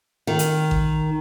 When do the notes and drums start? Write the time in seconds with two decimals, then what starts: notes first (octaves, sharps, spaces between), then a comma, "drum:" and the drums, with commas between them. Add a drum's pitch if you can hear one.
0.27 D#3
0.39 drum: hi-hat
0.71 drum: kick A1